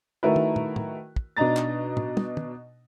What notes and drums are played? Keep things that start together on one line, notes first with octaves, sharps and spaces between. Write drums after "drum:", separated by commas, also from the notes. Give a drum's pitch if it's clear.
D#3 A3 E4 F#4 A#4 B4
drum: tom
drum: tom
drum: tom
drum: kick
B2 D4 D#4 D#5 A#5 A6
drum: clap
drum: tom
drum: tom
drum: tom